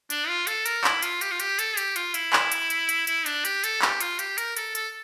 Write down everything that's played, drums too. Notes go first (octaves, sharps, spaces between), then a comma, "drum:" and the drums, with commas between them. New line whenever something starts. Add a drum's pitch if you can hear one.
D4, drum: hi-hat
F4
A4, drum: hi-hat
A#4, drum: hi-hat
E4, drum: clap
F4, drum: hi-hat
G4, drum: hi-hat
F4
G4, drum: hi-hat
A4, drum: hi-hat
G4, drum: hi-hat
F4, drum: hi-hat
E4, drum: hi-hat
drum: clap
drum: hi-hat
drum: hi-hat
drum: hi-hat
E4, drum: hi-hat
D4, drum: hi-hat
G4, drum: hi-hat
A4, drum: hi-hat
G4, drum: clap
F4, drum: hi-hat
G4, drum: hi-hat
A#4, drum: hi-hat
A4, drum: hi-hat
A4, drum: hi-hat